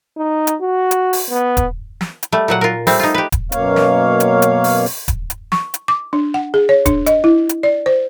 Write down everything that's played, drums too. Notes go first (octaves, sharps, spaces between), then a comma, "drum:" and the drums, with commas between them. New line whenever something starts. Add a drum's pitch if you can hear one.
D#4
drum: hi-hat
F#4
drum: hi-hat
drum: open hi-hat
B3
drum: kick D#1, hi-hat
drum: snare
drum: hi-hat
G3 A3
A#2 F#3 F#5
F4 A#4
G3 A3 C4, drum: open hi-hat
D#4 F4
G4 B4
drum: kick D#1, hi-hat
F#2 B2 A#3 C#5 F5, drum: hi-hat
drum: snare
drum: hi-hat
drum: hi-hat
drum: open hi-hat
drum: open hi-hat
drum: kick D#1, hi-hat
drum: hi-hat
C#6, drum: snare
drum: hi-hat
D6
D4
F#5
G#4
C#5
D4, drum: kick D#1, hi-hat
D#5, drum: hi-hat
E4
drum: hi-hat
D5
C5